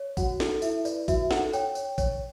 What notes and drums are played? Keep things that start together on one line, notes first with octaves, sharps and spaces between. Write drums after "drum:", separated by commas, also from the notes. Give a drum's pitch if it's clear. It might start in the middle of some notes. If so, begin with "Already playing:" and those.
Already playing: C#5
F#4 F#5, drum: kick A1, tambourine
A4, drum: snare
E4 E5, drum: tambourine
B4 D5, drum: tambourine
F#4 E5, drum: kick A1, tambourine
A4 F#5, drum: snare
C#5 G5, drum: tambourine
C#5, drum: tambourine
C#5, drum: kick A1, tambourine